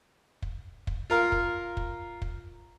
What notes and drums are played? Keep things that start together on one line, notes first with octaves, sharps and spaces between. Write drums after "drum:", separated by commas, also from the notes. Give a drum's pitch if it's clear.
drum: kick
drum: kick
F4 A#4 F5
drum: kick
drum: kick
drum: kick